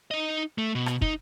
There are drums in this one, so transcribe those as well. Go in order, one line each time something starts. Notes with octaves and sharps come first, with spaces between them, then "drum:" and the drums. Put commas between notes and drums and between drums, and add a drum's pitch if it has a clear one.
D#4 D#5
A3
B2
drum: rim click
D#4, drum: kick